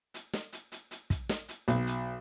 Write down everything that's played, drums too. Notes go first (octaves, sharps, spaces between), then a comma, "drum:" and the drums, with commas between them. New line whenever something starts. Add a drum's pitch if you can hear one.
drum: hi-hat
drum: snare
drum: hi-hat
drum: hi-hat
drum: hi-hat
drum: kick, hi-hat
drum: snare
drum: hi-hat
B1, drum: hi-hat
drum: hi-hat